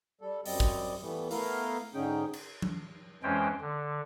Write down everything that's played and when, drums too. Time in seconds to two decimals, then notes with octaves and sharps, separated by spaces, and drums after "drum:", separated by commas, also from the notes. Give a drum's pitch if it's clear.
0.21 G3 A4
0.46 F#2 G3 C4 D5 D#5, drum: open hi-hat
0.60 drum: kick
1.01 E3 G3 A3 B3
1.31 A3 B3 E4 A#4 F5, drum: open hi-hat
1.94 G#2 D3 C#4 D#4 G#4 G5
2.33 drum: cymbal
2.62 drum: tom F3
3.23 F2 E3 G#3 C#4 C5 G5
3.61 D3